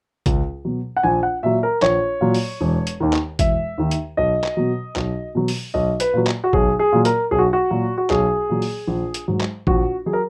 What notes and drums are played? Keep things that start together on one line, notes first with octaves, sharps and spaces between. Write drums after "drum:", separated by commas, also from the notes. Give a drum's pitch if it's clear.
C#2, drum: kick A1, hi-hat
B2 F#3
F#5
A#1 G#5
F#5
A#2 F#3 E5
A#4
A#1 C#5, drum: clap
A#2 F#3
drum: open hi-hat
E1
drum: hi-hat
D#2 D#3
drum: clap
E1 E5, drum: kick A1, hi-hat
D#2 D#3
drum: hi-hat
B1 D#5
drum: clap
B2 F#3
B1, drum: clap
B2 F#3
drum: open hi-hat
B1 D#5
B4, drum: hi-hat
A#2 F#3
drum: clap
F#4
B1 G#4, drum: kick A1
G#4
A#2 F#3
A#4, drum: hi-hat
B1 G#4
F#4
F#4
A#2 F#3
F#4
B1 G#4, drum: clap
A#2 F#3
drum: open hi-hat
A#1
drum: hi-hat
G#2 F#3
drum: clap
A#1 F#4, drum: kick A1
F#3 G#4
A#4